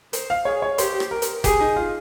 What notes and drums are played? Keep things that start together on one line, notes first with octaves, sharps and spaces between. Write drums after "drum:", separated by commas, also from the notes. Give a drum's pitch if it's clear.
C5, drum: hi-hat
F5
G#4 C#5
C#5
G4 C5, drum: hi-hat
drum: rim click
A#4
drum: hi-hat
G4 G#4, drum: kick F#1, hi-hat
D#4
F4